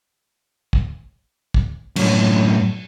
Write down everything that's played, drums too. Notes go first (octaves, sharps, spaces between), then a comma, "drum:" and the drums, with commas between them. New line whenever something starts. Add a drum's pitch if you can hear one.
drum: kick
drum: kick
F#2 A2, drum: cymbal